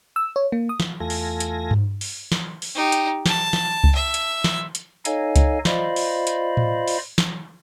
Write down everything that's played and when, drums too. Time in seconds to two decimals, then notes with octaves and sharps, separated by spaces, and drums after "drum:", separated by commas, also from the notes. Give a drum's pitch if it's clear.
0.16 E6
0.36 C#5
0.52 A#3
0.69 D#6
0.80 drum: snare
1.00 E2 A3 F4 A4 G#5 A#6
1.10 drum: open hi-hat
1.40 drum: hi-hat
1.71 drum: tom G2
2.01 drum: open hi-hat
2.32 drum: snare
2.62 drum: open hi-hat
2.75 D#4 G4
2.92 drum: hi-hat
3.26 A5, drum: snare
3.53 drum: snare
3.84 drum: kick C#2
3.95 E5
4.14 drum: hi-hat
4.44 drum: snare
4.75 drum: hi-hat
5.05 D#4 A4 C#5 D#5 F5 G#5, drum: hi-hat
5.36 drum: kick C#2, hi-hat
5.65 F4 C5 D5 D#5 F5 B5, drum: snare
5.96 drum: open hi-hat
6.27 drum: hi-hat
6.57 drum: tom A2
6.88 drum: open hi-hat
7.18 drum: snare